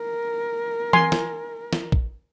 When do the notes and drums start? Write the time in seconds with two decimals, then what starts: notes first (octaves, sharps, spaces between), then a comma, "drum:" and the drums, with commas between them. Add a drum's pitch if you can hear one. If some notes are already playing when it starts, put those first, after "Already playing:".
Already playing: A#4
0.93 G#5 C6, drum: tom E3
1.12 drum: snare
1.73 drum: snare
1.92 drum: kick A#1